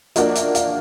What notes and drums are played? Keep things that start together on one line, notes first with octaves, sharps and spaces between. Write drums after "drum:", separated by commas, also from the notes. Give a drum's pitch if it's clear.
F3 A#3 D4 F#4 A#4 D#5, drum: hi-hat
E5, drum: hi-hat
F5, drum: hi-hat